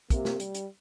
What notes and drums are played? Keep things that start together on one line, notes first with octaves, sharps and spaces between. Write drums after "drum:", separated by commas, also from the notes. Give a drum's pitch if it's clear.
C3 A#3, drum: kick, hi-hat
drum: snare
G3, drum: hi-hat
drum: hi-hat